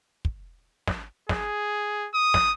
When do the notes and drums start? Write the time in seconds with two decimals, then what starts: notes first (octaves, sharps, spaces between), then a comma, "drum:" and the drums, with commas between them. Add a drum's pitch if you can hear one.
0.25 drum: kick
0.88 drum: snare
1.29 G#4, drum: snare
2.14 D#6
2.34 drum: snare